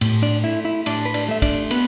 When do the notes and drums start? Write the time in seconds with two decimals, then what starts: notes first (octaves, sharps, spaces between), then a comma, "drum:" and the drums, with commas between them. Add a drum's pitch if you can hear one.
0.01 A2, drum: cymbal
0.22 D4 D5
0.44 A3 E4 E5
0.65 E4 E5
0.86 A2 D4 D5, drum: cymbal
1.05 B4
1.14 D4 D5, drum: cymbal
1.29 A3 E5
1.42 D4 D5, drum: kick, cymbal
1.71 B3 B4, drum: cymbal